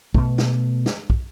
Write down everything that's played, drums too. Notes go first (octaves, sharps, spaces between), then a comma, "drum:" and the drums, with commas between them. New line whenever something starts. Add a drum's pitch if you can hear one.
B2 A3, drum: kick
drum: snare
drum: snare
drum: kick